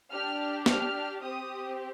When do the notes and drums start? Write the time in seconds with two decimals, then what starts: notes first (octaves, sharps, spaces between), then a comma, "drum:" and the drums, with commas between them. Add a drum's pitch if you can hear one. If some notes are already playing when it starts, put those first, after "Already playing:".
0.10 D4 G4 F6
0.66 F6, drum: snare
1.21 C4 G4 D#6